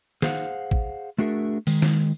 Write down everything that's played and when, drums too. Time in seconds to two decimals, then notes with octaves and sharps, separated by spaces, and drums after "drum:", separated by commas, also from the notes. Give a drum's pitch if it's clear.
0.22 G#4 C5 F5 F#5, drum: snare
0.71 drum: kick
1.18 A3 D4 F#4 G#4 A#4 E5
1.67 D#3 G#3, drum: open hi-hat
1.82 drum: snare